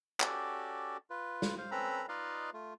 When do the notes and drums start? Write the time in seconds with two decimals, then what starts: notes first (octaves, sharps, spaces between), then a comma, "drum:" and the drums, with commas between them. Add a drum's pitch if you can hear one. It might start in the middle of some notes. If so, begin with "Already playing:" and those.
0.20 C#4 F#4 G4 A4 D5, drum: clap
1.10 F4 B4
1.42 drum: snare
1.58 C5 F5
1.71 C4 C#4 A4 B4 A#5 B5
2.09 D#4 F4 B4 D5 D#5 F5
2.53 A3 F4